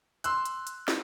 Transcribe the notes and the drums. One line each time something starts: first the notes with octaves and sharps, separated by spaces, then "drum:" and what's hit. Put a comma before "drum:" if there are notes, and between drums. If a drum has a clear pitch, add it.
C6 E6 F#6, drum: hi-hat
drum: hi-hat
drum: hi-hat
drum: snare